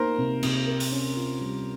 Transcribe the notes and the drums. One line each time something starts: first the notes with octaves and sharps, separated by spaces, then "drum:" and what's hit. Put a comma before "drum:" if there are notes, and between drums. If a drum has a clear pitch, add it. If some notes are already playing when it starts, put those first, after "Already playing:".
Already playing: A#3 D#4 A#4 C5
C3
C3, drum: cymbal
A#4
drum: open hi-hat
C#4
F4
G3